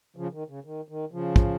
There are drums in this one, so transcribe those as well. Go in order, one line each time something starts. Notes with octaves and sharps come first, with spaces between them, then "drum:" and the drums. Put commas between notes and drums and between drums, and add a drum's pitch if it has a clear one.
C#3 F3
D#3
C#3
D#3
D#3
C#3 F3
drum: kick